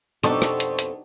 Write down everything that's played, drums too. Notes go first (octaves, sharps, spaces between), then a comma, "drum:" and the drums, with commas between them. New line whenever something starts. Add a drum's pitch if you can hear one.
F2 B2 D4 D#4 G4 A4 C5 C#6, drum: hi-hat
drum: rim click
drum: hi-hat
drum: hi-hat